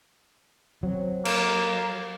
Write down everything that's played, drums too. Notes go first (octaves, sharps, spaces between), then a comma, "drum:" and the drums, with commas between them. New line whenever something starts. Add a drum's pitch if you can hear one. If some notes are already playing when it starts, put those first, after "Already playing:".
F#3 C4
A#3 A#4, drum: cymbal